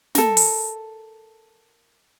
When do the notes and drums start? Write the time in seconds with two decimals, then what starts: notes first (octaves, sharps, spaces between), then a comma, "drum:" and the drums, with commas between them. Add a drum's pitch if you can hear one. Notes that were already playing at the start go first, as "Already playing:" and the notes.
0.15 A4 A#4, drum: snare
0.37 drum: open hi-hat